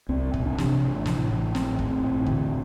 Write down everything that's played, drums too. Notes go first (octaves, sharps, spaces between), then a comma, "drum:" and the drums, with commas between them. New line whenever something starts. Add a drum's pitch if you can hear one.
C2 C4
C2, drum: kick
D4
C3, drum: snare
A1
A2, drum: snare
A1
A1 C4, drum: snare
A1, drum: kick
A2
D3, drum: kick